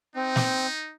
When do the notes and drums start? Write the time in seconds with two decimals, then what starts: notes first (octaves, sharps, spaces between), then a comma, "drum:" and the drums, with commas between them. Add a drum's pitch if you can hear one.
0.16 C4 D#4
0.36 drum: snare